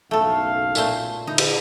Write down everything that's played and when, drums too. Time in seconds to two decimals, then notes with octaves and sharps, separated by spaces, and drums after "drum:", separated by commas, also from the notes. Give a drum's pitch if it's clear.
0.11 F#1 B1 A3 A4 F5
0.75 A#2 A3 C5, drum: tambourine
1.27 D3 D#4 E4
1.38 drum: cymbal